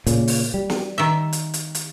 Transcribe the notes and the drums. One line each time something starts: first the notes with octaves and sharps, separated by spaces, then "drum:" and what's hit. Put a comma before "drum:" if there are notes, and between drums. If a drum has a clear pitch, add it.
A#2 C#3, drum: hi-hat
drum: open hi-hat
G3
drum: snare
D#3 E5
drum: hi-hat
drum: hi-hat
drum: hi-hat